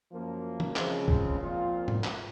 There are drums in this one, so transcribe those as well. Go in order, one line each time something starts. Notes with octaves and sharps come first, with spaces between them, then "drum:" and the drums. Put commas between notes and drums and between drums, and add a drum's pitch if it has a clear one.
F#2 F3 A#3
drum: tom
C#3 F3 G#3 C4 F4, drum: clap
drum: kick
A#2 F3 C4 F4
drum: tom G#2
drum: clap